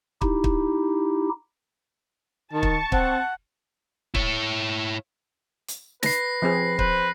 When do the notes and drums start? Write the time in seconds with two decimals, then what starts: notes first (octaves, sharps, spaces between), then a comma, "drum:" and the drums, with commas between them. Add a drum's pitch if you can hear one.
0.21 D#4 E4 G4, drum: kick
0.44 drum: kick
2.53 D#3 A5 C#6
2.63 drum: kick
2.92 C4 F#5, drum: kick
4.15 E4 C#5, drum: kick
5.68 drum: hi-hat
6.03 B4 A#6 C7, drum: snare
6.42 F3 C4 G#4
6.79 B4 C5, drum: kick